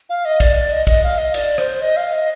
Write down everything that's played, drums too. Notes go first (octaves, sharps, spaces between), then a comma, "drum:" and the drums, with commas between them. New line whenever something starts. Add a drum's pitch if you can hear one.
F5
D#5
D5, drum: kick, cymbal
D5
D#5
D#5, drum: kick, cymbal
F5
D#5
D5, drum: cymbal
C5, drum: rim click
D#5
F5
D#5